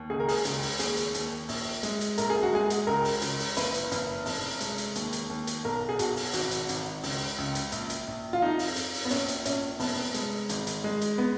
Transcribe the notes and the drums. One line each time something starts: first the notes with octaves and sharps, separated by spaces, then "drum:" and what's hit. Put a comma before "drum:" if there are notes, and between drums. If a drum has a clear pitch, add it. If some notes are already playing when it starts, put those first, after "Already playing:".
Already playing: D#2
C#2 G#4
A#4
G#4, drum: open hi-hat
C#2, drum: hi-hat
drum: open hi-hat
D#2 G#4, drum: hi-hat
drum: hi-hat
D#2, drum: hi-hat
A#1, drum: open hi-hat
G#3, drum: hi-hat
drum: hi-hat
A#1 A#4, drum: hi-hat
G#4
F#4
G#3 G#4
drum: hi-hat
C#2 A#4
drum: open hi-hat
C#2, drum: hi-hat
drum: open hi-hat
F#1 B4, drum: hi-hat
drum: hi-hat
F#1, drum: hi-hat
F1, drum: open hi-hat
G#3, drum: hi-hat
drum: hi-hat
D#2, drum: hi-hat
drum: hi-hat
D#2
drum: hi-hat
B1 A#4
G#4
B1 F#4, drum: hi-hat
drum: open hi-hat
G#1 F#4, drum: hi-hat
drum: hi-hat
G#1, drum: hi-hat
C#2, drum: open hi-hat
C#2
drum: hi-hat
A#1, drum: hi-hat
drum: hi-hat
A#1
F4
F2 D#4
drum: open hi-hat
F2, drum: hi-hat
drum: open hi-hat
B3
A#1 C#4, drum: hi-hat
drum: hi-hat
A#1 C#4, drum: hi-hat
F1 B3, drum: open hi-hat
G#3, drum: hi-hat
G#1, drum: hi-hat
drum: hi-hat
G#3
drum: hi-hat
B3